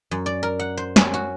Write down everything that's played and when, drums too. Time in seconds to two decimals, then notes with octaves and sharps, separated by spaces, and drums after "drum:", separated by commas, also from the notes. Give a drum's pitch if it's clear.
0.11 F#2
0.26 D5
0.43 A#4
0.59 F#5
0.77 C5
0.96 C#4, drum: snare
1.14 F#4